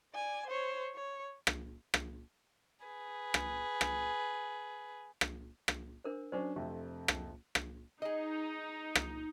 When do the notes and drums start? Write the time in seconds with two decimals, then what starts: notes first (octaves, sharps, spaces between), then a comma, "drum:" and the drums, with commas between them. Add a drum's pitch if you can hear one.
0.14 D5 G#5
0.47 C5 C#5
0.95 C#5
1.47 drum: rim click
1.94 drum: rim click
2.83 G#4 B4
3.34 drum: rim click
3.81 drum: rim click
5.21 drum: rim click
5.68 drum: rim click
6.04 D4 A#4 C5
6.32 F#3 C#4 D4 C5
6.56 F2 C3 A3
7.08 drum: rim click
7.55 drum: rim click
8.02 D#4 G#4 D#5
8.95 drum: rim click